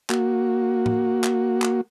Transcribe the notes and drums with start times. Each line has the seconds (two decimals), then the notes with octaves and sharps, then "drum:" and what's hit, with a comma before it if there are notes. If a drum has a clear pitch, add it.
0.10 A#3 F#4, drum: clap
0.86 drum: tom A2
1.24 drum: clap
1.62 drum: clap